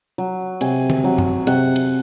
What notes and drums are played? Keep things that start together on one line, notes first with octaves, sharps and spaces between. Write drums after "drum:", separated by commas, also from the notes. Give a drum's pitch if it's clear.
F#3
C3 G#5, drum: cymbal
drum: tom D3
F#3
drum: tom F#2
C3 F#5, drum: cymbal
drum: cymbal